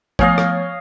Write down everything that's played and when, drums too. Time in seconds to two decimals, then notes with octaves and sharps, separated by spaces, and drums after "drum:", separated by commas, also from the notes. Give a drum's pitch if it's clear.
0.19 F3 A3 B3 C#5 D#5 F5 G#5, drum: kick
0.38 drum: rim click